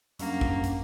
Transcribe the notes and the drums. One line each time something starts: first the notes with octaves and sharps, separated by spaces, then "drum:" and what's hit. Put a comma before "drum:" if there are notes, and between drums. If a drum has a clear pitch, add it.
F#2 G3 A#3 C#4 D4 F#5, drum: hi-hat
drum: kick G#1
drum: hi-hat